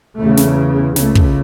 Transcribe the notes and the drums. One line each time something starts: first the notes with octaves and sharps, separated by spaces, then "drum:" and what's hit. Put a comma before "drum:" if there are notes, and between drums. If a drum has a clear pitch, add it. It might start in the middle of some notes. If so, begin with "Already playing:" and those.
E2 C#3 A3
drum: snare
C#2 C#3 A3, drum: snare
drum: kick